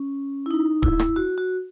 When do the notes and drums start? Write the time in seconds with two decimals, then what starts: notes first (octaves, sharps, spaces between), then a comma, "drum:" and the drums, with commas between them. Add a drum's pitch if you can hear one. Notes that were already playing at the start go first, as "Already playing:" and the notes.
Already playing: C#4
0.46 E4
0.51 D#4
0.83 E4, drum: kick D1
0.99 drum: rim click
1.16 F#4
1.38 F#4